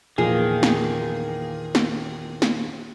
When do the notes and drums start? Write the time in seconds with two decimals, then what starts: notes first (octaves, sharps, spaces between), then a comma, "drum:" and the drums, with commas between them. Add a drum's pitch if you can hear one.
0.18 E2 A#2 D#3 F3 G#4
0.63 drum: snare
1.75 drum: snare
2.42 drum: snare